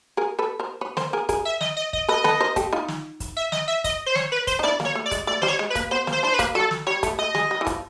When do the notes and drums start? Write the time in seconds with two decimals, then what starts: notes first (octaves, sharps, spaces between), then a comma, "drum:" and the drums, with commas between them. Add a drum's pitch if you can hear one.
0.17 G#4 A#4
0.39 A4 B4
0.60 A#4 C5
0.81 B4 C#5
0.97 A#4 C5, drum: snare
1.13 G#4 A#4
1.29 G#4 A#4, drum: kick, hi-hat
1.45 E5
1.61 D#5, drum: snare
1.77 D#5
1.93 D#5, drum: kick
2.08 A4 B4 D#5
2.24 A4 B4, drum: snare
2.40 A#4 C5
2.56 G4 A4, drum: kick, hi-hat
2.73 D#4 F4
2.88 drum: snare
3.20 drum: kick, hi-hat
3.37 E5
3.52 D#5, drum: snare
3.68 E5
3.84 D#5, drum: kick, hi-hat
4.06 C5
4.15 C#5, drum: snare
4.32 B4
4.47 C5, drum: kick, hi-hat
4.59 D#4
4.63 D4 E4 D5
4.80 A#3, drum: snare
4.85 C#5
4.95 A3
5.06 D5
5.11 G#3, drum: kick, hi-hat
5.27 A3 D5
5.42 G3 C5, drum: snare
5.48 C#5
5.59 G#3
5.70 B4
5.75 A#3, drum: kick, hi-hat
5.91 B3 C5
6.07 A#3, drum: snare
6.12 C5
6.23 D4 E4 C5
6.34 B4
6.39 A#3, drum: kick, hi-hat
6.55 F#3 A4
6.71 drum: snare
6.87 G3 C#5
7.03 A3, drum: kick, hi-hat
7.19 A3 D#5
7.35 G#3, drum: snare
7.51 G3
7.61 E3
7.67 F3, drum: kick, hi-hat